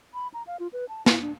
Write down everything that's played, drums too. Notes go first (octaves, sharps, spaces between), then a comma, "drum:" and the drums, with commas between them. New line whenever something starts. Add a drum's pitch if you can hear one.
B5
A#5
F5
F4
B4
A5
E4, drum: snare
D4